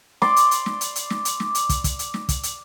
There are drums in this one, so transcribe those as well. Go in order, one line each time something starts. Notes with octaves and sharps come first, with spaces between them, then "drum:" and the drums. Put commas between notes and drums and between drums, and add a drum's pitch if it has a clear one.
D5 C6 D6, drum: snare
drum: hi-hat
drum: hi-hat
drum: snare
drum: hi-hat
drum: hi-hat
drum: snare
drum: hi-hat
drum: snare
drum: hi-hat
drum: kick, hi-hat
drum: kick, hi-hat
drum: hi-hat
drum: snare
drum: kick, hi-hat
drum: hi-hat